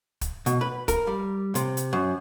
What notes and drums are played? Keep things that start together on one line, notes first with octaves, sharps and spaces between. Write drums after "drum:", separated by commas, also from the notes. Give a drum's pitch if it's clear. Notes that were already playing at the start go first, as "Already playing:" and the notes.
drum: kick, hi-hat
B2, drum: hi-hat
B4
A#4, drum: kick, hi-hat
G3
C3, drum: hi-hat
drum: hi-hat
F#2